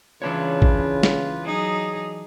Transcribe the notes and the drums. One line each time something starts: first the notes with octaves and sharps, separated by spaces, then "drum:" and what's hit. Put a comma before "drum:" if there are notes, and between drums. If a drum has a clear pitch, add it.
C#3 E3 D4 F4 B4 C#5
drum: kick G#1
drum: snare
F#3 D#4 G#4